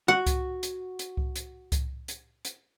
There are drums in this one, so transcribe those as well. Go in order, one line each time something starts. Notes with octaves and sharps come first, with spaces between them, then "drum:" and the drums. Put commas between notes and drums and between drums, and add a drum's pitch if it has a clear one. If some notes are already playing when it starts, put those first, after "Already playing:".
F#4 F#5
drum: kick C2, hi-hat
drum: hi-hat
drum: hi-hat
drum: kick C2
drum: hi-hat
drum: kick C2, hi-hat
drum: hi-hat
drum: hi-hat